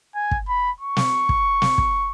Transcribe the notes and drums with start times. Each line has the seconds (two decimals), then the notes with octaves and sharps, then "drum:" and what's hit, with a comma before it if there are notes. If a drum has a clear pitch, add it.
0.15 G#5
0.31 drum: kick
0.48 B5
0.80 C#6
0.97 drum: snare
1.29 drum: kick
1.62 drum: snare
1.78 drum: kick